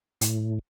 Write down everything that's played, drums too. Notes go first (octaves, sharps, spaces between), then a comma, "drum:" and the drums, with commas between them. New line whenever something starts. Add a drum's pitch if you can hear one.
A2, drum: hi-hat